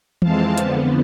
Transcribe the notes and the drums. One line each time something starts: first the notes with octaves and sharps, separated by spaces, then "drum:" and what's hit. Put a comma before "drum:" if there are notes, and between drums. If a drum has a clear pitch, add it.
F2 E3 G#3 C4 F5 A5, drum: tom E3
F2 D3 F3 B3, drum: hi-hat